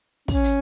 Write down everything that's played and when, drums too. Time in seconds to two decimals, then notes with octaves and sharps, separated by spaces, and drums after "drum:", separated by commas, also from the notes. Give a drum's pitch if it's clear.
0.28 C#4, drum: kick, open hi-hat
0.44 drum: hi-hat